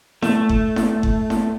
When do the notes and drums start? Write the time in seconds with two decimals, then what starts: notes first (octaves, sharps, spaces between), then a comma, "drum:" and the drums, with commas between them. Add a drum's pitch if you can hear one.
0.22 A3, drum: snare E4
0.49 drum: kick F#1
0.76 drum: snare E4
1.03 drum: kick F#1
1.30 drum: snare E4